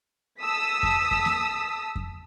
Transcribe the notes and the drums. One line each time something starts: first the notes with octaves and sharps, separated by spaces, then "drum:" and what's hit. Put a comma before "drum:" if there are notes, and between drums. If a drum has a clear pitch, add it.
A5 D#6 E6 B6
drum: kick F2
drum: kick F2
drum: snare A#3
drum: kick F2